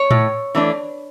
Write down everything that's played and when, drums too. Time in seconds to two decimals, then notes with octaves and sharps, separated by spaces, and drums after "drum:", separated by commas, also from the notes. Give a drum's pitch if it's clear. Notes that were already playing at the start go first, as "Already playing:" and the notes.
Already playing: C#5
0.11 A2, drum: tom A2
0.55 E3 A3 D4